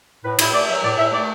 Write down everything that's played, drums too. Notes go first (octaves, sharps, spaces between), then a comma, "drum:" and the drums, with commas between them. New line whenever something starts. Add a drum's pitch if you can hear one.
A2 B4
A2 E4, drum: cymbal
A3 D5
F#3 E5
A2 D5
A2 E5
A3 D5